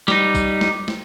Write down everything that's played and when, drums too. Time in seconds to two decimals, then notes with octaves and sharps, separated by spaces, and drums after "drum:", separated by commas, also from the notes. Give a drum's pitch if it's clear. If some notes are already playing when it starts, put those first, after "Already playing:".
0.08 G3 D#4, drum: snare
0.35 drum: kick, tambourine
0.61 drum: snare
0.88 drum: snare